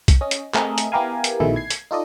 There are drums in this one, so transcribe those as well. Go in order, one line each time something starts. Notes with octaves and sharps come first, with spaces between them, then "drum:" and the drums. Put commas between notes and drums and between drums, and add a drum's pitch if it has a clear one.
drum: kick, hi-hat
C#4 D#5
drum: hi-hat
A3 C4 G#4 A#4 D#5 E5, drum: clap
drum: hi-hat
B3 E4 G4 A#4 F5 G#5
drum: hi-hat
A#1 B2 D#3 A3 E4 G#4
G#6 C7
drum: hi-hat
D#4 F4 A4 D5 D#5